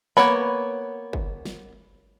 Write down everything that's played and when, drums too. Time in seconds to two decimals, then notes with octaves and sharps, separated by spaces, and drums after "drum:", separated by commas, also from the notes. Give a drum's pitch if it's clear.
0.17 A#3 B3 C#5 B5, drum: snare
1.13 drum: kick
1.45 drum: snare